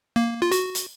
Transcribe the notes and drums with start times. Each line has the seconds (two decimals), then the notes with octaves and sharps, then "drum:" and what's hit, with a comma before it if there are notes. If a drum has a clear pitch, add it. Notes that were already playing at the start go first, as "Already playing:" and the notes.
0.16 A#3
0.42 F4
0.52 F#4, drum: hi-hat
0.75 drum: hi-hat